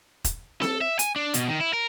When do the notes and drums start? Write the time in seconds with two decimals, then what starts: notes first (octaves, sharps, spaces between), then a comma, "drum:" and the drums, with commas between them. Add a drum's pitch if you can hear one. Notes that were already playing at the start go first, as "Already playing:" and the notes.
0.24 drum: kick E1, hi-hat
0.62 A4, drum: snare C4
0.81 E5
0.99 G#5, drum: hi-hat
1.16 D4
1.34 B2, drum: hi-hat
1.48 D#3
1.61 E4
1.73 A#4